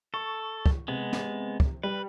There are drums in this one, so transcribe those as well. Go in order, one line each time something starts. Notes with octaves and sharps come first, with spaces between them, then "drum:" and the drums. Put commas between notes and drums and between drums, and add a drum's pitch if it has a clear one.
A4 C#6
drum: kick
C3 G#3 B3
drum: snare
drum: kick
G3 B4